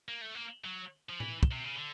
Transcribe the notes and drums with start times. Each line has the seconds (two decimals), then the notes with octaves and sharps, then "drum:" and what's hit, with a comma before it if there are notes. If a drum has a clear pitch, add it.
0.08 A#3
0.21 A3
0.35 A#3
0.64 F#3
1.10 F3
1.20 E3, drum: tom A2
1.43 drum: kick
1.52 C3
1.64 C#3
1.76 D3